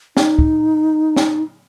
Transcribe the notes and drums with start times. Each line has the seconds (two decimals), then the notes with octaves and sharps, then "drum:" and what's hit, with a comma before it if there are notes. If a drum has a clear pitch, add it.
0.17 D#4, drum: snare
0.39 drum: kick
1.16 drum: snare